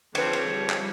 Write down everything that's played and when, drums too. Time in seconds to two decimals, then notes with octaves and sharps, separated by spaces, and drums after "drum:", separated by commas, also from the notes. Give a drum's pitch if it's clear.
0.15 D3 F3 C4 B4 C#5 G5, drum: cymbal
0.33 drum: cymbal
0.48 F3 G3
0.70 drum: clap